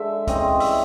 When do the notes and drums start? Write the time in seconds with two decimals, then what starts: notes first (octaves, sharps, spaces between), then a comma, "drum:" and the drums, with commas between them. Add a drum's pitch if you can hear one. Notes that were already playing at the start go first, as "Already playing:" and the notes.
Already playing: D3 G#3 E5
0.27 C#3 E3 G3 C4 D#5, drum: kick, hi-hat
0.60 E5, drum: open hi-hat